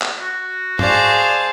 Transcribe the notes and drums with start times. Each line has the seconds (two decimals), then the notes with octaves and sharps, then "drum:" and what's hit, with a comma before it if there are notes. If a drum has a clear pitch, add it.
0.02 drum: clap
0.21 F#4
0.79 G#4 C5 D5 F5 A5, drum: tom G#2